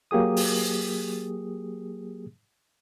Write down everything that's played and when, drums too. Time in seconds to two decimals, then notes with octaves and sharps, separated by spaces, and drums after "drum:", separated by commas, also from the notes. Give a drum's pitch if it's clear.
0.11 F#3 A#3 G4 G#4 D#6
0.37 drum: open hi-hat